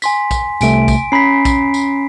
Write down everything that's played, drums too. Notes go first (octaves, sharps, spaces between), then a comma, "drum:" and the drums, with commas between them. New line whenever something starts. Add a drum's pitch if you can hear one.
G#5 C6 B6, drum: tambourine
drum: kick A#1, tambourine
C2 C3 A3 G#5 D7, drum: tambourine
drum: kick A#1, tambourine
C#4 A#5 B5 B6 C7
drum: kick A#1, tambourine
drum: tambourine